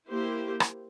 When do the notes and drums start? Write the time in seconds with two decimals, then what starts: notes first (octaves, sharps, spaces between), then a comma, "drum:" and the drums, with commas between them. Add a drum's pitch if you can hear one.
0.09 A#3 E4 G4 C5
0.60 drum: rim click